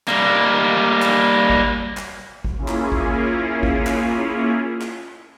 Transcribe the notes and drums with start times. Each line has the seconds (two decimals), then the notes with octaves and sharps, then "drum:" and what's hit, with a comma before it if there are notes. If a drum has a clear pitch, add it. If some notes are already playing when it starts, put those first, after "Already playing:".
0.08 G3 A#3, drum: clap
1.02 drum: clap
1.50 drum: kick
1.97 drum: clap
2.45 drum: kick
2.57 A#3 C#4 E4 F4 G#4
2.68 drum: clap
2.92 drum: kick
3.63 drum: kick
3.87 drum: clap
4.81 drum: clap